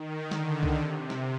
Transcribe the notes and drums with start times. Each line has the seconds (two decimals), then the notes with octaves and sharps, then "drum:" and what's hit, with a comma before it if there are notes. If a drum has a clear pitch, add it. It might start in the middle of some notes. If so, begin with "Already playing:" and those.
Already playing: D#3
0.31 D3, drum: snare
0.63 drum: kick C2
0.79 C3
1.10 drum: snare